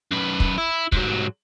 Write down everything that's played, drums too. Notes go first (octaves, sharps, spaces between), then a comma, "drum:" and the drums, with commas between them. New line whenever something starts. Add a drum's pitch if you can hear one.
F#2 B4
drum: kick
E4
G#2 F#3, drum: kick